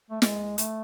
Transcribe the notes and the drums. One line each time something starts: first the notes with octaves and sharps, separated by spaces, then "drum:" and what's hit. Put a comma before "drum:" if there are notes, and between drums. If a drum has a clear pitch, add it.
A3
G#3, drum: snare
A3, drum: hi-hat